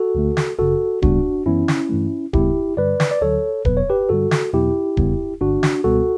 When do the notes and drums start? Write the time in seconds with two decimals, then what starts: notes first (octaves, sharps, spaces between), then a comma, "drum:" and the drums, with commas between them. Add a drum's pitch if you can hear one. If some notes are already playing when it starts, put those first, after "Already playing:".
Already playing: F#4 A4
0.15 D2 D3 A3
0.37 drum: snare
0.59 G1 F#2 C#3 F#4 A4
1.02 D2 C#3 G3 B3 D4 F#4, drum: kick D1
1.46 F#2 E3 B3 C#4 E4
1.68 drum: snare
1.90 G2 E3 A3
2.33 D2 C#3 G3 B3 E4 G4, drum: kick D1
2.77 G2 D3 G3 B4 D5
3.00 drum: snare
3.11 D5
3.21 D2 D3 F#3 A4 C#5
3.65 E2 B2 F#3 B3 B4, drum: kick D1
3.77 C#5
3.90 G4 B4
4.09 G2 D3 G3 F#4 A4
4.31 drum: snare
4.53 E2 B2 F#3 B3 E4 G4
4.97 E2 C#3 G3 B3, drum: kick D1
5.41 G1 G2 D3 D4 F#4
5.63 drum: snare
5.84 C#2 B2 G3 B3 F#4 A4